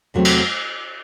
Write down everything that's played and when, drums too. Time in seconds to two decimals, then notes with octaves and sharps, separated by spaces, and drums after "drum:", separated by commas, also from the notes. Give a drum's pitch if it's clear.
0.14 E2 C3 F#3 A3 C4
0.25 drum: cymbal